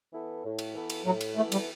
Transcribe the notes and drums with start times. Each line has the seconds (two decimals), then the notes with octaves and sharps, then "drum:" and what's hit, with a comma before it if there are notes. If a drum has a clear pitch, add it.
0.12 E3 B3 E4 A4
0.43 A2
0.59 drum: cymbal
0.74 E3 B3 E4 A4
0.90 drum: cymbal
1.05 A2 F#3
1.21 drum: cymbal
1.36 E3 A3 B3 E4 A4
1.52 G3, drum: cymbal